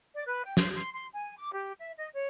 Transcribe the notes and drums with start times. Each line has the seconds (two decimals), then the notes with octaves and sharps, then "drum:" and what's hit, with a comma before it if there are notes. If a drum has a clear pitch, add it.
0.13 D5
0.26 B4
0.44 G5
0.57 C5, drum: snare
0.74 C6
0.93 C6
1.13 G#5
1.36 D6
1.53 G4
1.79 E5
1.97 D#5
2.13 C#5